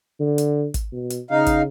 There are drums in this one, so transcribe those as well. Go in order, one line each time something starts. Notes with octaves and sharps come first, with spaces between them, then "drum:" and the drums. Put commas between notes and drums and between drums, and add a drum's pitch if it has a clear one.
D3
drum: hi-hat
drum: kick, hi-hat
B2
drum: hi-hat
C#3 D#4 F5
drum: kick, hi-hat